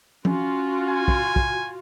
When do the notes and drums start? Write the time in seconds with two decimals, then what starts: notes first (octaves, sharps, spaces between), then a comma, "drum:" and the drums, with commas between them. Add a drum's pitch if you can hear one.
0.25 C#4 F4 F#4, drum: tom F3
0.90 G#5
1.08 drum: kick
1.36 drum: kick